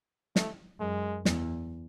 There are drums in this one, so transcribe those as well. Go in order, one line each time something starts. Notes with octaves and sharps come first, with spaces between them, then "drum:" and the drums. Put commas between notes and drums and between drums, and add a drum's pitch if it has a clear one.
A3, drum: snare
F#2 G#3
E2, drum: snare